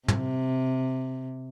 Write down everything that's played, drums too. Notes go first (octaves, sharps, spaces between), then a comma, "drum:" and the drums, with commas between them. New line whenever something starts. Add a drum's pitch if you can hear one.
C3, drum: tom